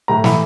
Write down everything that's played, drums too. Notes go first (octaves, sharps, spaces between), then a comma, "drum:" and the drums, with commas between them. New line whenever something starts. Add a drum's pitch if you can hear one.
A2 A#5
E3 B5, drum: snare